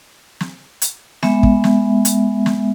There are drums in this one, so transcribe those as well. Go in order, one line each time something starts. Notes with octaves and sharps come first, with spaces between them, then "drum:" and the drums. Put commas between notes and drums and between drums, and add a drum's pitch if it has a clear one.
drum: snare
drum: hi-hat
G#3 B3 E5, drum: snare
drum: kick
drum: snare
drum: hi-hat
drum: snare